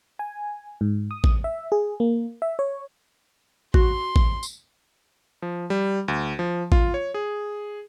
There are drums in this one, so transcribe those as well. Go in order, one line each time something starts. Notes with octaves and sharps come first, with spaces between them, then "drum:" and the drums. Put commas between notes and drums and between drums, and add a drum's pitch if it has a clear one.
G#5
G#2
D#6
drum: kick
E5
G#4
A#3
E5
C#5
F#4 C6, drum: kick
drum: kick
drum: tambourine
F3
G3
D2
F3
F4, drum: kick
C#5
G#4